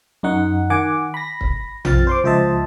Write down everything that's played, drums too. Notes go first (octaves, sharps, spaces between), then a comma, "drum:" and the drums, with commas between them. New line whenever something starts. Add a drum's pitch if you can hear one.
F#2 D#4 F#5
D#3 F#5 G#5 D6
B5 A#6
drum: kick C#1
F3 C4 F6 A6, drum: tom A#1
C5 C6 D6
C#2 F3 C5 D#5 E5 A5